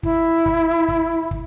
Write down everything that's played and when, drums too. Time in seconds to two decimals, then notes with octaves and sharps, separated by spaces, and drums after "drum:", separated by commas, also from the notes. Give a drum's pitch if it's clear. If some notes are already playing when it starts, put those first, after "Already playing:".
0.03 E4, drum: kick
0.46 drum: kick
0.88 drum: kick
1.31 drum: kick